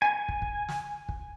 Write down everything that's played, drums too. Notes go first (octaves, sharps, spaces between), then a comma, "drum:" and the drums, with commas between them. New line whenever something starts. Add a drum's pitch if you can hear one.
G#5
drum: kick
drum: kick
drum: snare
drum: kick